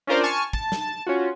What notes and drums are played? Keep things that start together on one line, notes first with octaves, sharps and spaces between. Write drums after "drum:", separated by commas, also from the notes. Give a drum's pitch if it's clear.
C#4 D4 F4 A#4 C5 D5
G#5 A5 C#6 F6
A5, drum: kick
drum: snare
A5
C#4 F4 F#4